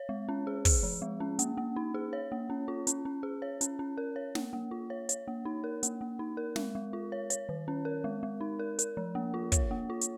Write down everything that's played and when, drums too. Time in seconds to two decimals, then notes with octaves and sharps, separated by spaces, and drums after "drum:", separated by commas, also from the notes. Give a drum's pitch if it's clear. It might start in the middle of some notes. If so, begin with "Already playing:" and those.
Already playing: C#5
0.09 G#3
0.29 C#4
0.47 G#4
0.65 G#4, drum: kick, open hi-hat
0.83 F3
1.02 G#3
1.20 C#4
1.39 A#3, drum: hi-hat
1.57 A#3
1.76 D#4
1.94 G#4
2.13 C#5
2.32 A#3
2.50 C#4
2.68 F4
2.87 C#4, drum: hi-hat
3.05 C#4
3.23 G#4
3.42 C#5
3.61 C#4, drum: hi-hat
3.79 C#4
3.98 A#4
4.16 C#5
4.35 A#3, drum: snare
4.53 A#3
4.71 F4
4.90 C#5
5.09 C#5, drum: hi-hat
5.28 A#3
5.45 D#4
5.64 A#4
5.83 A#3, drum: hi-hat
6.01 A#3
6.19 D#4
6.37 A#4
6.56 G#3, drum: snare
6.75 G#3
6.93 F4
7.12 C#5
7.30 C#5, drum: hi-hat
7.49 D#3
7.68 C#4
7.85 A#4
8.04 G#3
8.23 G#3
8.41 D#4
8.59 A#4
8.79 A#4, drum: hi-hat
8.97 F3
9.15 A#3
9.34 F4
9.52 C#5, drum: kick, hi-hat
9.71 A#3
9.90 F4
10.01 drum: hi-hat